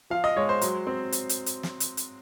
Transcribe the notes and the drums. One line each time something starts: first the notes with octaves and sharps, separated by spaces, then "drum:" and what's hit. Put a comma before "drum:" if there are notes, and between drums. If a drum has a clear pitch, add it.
F3 F5
D#5
G#3 C#5
C5
F#3, drum: hi-hat
C4
drum: hi-hat
drum: hi-hat
drum: hi-hat
drum: snare
drum: hi-hat
drum: hi-hat